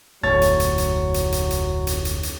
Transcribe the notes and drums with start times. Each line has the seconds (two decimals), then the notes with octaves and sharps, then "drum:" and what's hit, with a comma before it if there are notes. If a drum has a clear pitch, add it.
0.23 F1 D2 A2 F#3 C#5 A6
0.42 drum: hi-hat
0.60 drum: hi-hat
0.78 drum: hi-hat
1.14 drum: hi-hat
1.32 drum: hi-hat
1.51 drum: hi-hat
1.87 drum: hi-hat
2.05 drum: hi-hat
2.23 drum: hi-hat